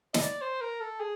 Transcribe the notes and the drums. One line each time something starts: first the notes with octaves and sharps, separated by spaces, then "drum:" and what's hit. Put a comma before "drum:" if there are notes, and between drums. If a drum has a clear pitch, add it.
D#5, drum: snare
D5
C5
A#4
A4
G#4